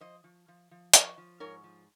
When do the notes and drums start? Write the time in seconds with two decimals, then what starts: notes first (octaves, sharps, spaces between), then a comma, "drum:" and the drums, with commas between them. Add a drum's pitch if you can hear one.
0.01 F3 C5 D#5
0.24 F3
0.48 F3
0.71 F3
0.94 F3 A#4 C#5, drum: hi-hat
1.18 F3
1.40 G#2 A#4 C#5
1.64 F3